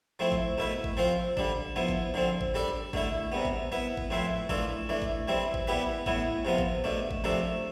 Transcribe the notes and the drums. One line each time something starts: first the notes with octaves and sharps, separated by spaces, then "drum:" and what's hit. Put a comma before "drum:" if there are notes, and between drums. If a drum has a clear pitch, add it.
F3 A3 C4 E4
drum: kick G#1
B2 A3 E4 B4
drum: kick G#1
F3 C4 F4 C5
D3 G3 D4, drum: kick G#1
F3 B3 E4
drum: kick G#1
D3 F3 C4
drum: kick G#1
G3 D4 A4 D5
D3 A3 E4 A4, drum: kick G#1
C3 G3 B3
drum: kick G#1
B3 E4 B4
drum: kick G#1
A2 F3 C4 E4 B4
E3 A3 D4 F4 A4, drum: kick G#1
E3 A3 D4
drum: kick G#1
E3 G3 C4 E4
drum: kick G#1
G3 B3 E4 G4 B4
A2 E3 B3 E4, drum: kick G#1
C3 F3 B3 F4
drum: kick G#1
B2 A3 D4
drum: kick G#1
C3 F3 A3 D4 A4